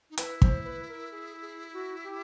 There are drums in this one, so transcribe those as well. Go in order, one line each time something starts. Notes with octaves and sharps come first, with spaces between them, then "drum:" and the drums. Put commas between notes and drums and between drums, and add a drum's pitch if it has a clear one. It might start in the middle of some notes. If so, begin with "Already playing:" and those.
D#4
E4 B4, drum: hi-hat
C5, drum: kick
B4
A#4
G#4
G#4
F#4
G4